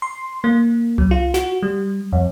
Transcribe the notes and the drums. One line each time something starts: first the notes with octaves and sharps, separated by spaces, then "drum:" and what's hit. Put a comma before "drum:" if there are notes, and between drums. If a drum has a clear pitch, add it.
C6
A#3
F#3, drum: tom C2
F4
F#4, drum: snare
G3
F2